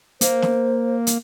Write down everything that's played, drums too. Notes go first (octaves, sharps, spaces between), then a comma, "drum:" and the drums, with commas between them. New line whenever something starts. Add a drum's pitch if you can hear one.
A#3 C5, drum: hi-hat
drum: snare
drum: hi-hat